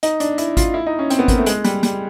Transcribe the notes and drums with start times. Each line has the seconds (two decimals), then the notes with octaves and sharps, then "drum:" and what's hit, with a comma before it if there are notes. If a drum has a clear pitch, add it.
0.03 D#4, drum: hi-hat
0.20 D4, drum: hi-hat
0.38 E4, drum: hi-hat
0.57 F4, drum: kick G#1, hi-hat
0.74 E4
0.86 D#4
0.99 C#4
1.10 C4, drum: hi-hat
1.19 B3
1.28 A#3, drum: kick G#1, hi-hat
1.38 A3
1.46 G#3, drum: hi-hat
1.64 G3, drum: hi-hat
1.83 G3, drum: hi-hat